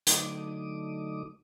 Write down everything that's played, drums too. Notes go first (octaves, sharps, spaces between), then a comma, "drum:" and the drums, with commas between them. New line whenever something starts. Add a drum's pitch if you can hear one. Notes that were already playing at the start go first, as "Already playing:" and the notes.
D3 F#3 A3 D#4 D6 D#6, drum: hi-hat